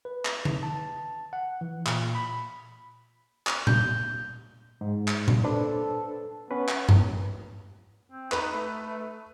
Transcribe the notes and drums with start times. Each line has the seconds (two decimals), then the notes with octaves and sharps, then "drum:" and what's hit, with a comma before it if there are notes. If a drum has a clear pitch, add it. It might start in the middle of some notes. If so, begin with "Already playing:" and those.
0.05 B4
0.25 drum: clap
0.45 drum: tom D3
0.63 A5
1.33 F#5
1.61 E3
1.86 A#2, drum: clap
2.15 B5
3.47 drum: clap
3.67 G6, drum: tom A#2
4.81 G#2
5.08 drum: clap
5.28 drum: tom A#2
5.44 D4 A4 B4 C5
6.51 B3 C#4 B4
6.68 drum: clap
6.89 drum: tom G2
8.10 C4
8.32 D#4 B4, drum: clap
8.53 A3